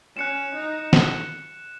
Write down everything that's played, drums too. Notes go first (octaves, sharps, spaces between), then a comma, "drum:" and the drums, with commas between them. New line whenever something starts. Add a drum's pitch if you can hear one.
C#4 F#6 C#7 E7
D#4
drum: snare